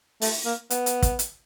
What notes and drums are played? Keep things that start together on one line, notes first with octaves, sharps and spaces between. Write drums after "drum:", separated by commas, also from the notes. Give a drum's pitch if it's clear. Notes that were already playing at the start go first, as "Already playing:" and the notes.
A3, drum: open hi-hat
A#3
B3, drum: hi-hat
drum: hi-hat
drum: kick, hi-hat
drum: hi-hat